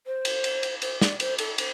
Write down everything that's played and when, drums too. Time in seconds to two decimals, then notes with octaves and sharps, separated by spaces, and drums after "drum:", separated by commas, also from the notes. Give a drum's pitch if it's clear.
0.07 C5
0.25 drum: cymbal
0.44 drum: cymbal
0.63 drum: cymbal
0.82 C5, drum: cymbal
1.01 D5, drum: snare
1.20 C5, drum: cymbal
1.38 A4, drum: cymbal
1.58 C5, drum: cymbal